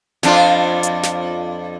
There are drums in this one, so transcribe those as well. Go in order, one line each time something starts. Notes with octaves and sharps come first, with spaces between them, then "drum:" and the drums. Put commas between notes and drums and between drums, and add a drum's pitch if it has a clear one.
F2 D4 F4, drum: snare
drum: hi-hat
drum: snare